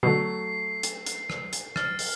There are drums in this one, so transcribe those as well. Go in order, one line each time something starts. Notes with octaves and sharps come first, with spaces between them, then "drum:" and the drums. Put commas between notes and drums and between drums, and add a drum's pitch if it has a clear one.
B2 D3 F#3 A3 C7
drum: hi-hat
drum: hi-hat
drum: rim click
drum: hi-hat
F6 A6, drum: rim click
drum: open hi-hat